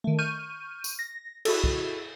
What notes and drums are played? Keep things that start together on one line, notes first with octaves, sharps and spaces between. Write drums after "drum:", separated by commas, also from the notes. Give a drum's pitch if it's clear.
D#3 A3
C#6 F6 G6 D#7
drum: tambourine
A#6
E4 F#4 G#4 A4, drum: cymbal
drum: kick C2